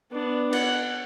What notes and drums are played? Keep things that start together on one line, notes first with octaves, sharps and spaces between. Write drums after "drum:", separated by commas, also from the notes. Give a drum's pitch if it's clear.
B3 D4
F#5, drum: cymbal